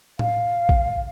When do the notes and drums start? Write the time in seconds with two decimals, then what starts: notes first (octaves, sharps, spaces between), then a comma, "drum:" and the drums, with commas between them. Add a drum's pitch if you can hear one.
0.19 F5, drum: tom A2
0.69 drum: kick A#1